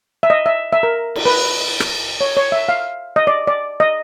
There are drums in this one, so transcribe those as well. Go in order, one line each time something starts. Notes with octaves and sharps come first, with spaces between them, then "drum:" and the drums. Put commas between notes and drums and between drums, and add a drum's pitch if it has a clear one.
E5
D#5
E5
E5
A#4
drum: cymbal
B4
drum: rim click
C#5
C#5
E5
F5
D#5
D5
D5
D#5